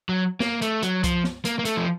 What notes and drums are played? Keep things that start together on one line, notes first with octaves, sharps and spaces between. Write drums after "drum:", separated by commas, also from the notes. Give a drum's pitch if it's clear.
F#3
A#3, drum: snare
A3, drum: hi-hat
F#3, drum: hi-hat
F3, drum: kick C2, hi-hat
drum: snare
A#3, drum: hi-hat
A#3
A3, drum: hi-hat
F3